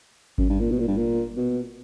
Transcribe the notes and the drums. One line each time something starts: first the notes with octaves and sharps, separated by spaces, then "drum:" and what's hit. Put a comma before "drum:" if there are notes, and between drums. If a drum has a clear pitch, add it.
F#2, drum: kick G#1
G2
A#2
B2
A#2
G2
A#2
B2